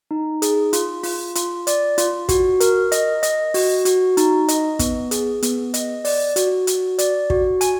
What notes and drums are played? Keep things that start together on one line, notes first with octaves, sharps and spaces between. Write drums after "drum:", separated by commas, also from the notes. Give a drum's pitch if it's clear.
D#4
G#4, drum: hi-hat
F4, drum: hi-hat
F4, drum: open hi-hat
F4, drum: hi-hat
D5, drum: hi-hat
F4, drum: hi-hat
F#4, drum: kick, hi-hat
A#4, drum: hi-hat
D#5, drum: hi-hat
D#5, drum: hi-hat
F#4, drum: open hi-hat
F#4, drum: hi-hat
D#4, drum: hi-hat
D#5, drum: hi-hat
B3, drum: kick, hi-hat
G#4, drum: hi-hat
B3, drum: hi-hat
D#5, drum: hi-hat
D5, drum: open hi-hat
F#4, drum: hi-hat
F#4, drum: hi-hat
D5, drum: hi-hat
F#4, drum: kick
G#5, drum: hi-hat